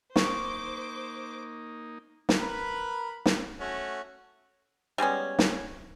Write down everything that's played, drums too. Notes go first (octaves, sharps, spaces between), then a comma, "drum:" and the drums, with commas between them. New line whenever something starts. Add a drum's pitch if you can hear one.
A#3 D#4 C5 C#6 D6, drum: snare
drum: snare
A#4 B4 B5
drum: snare
A3 C#4 F#4
G3 G#3 B3 C#4
drum: snare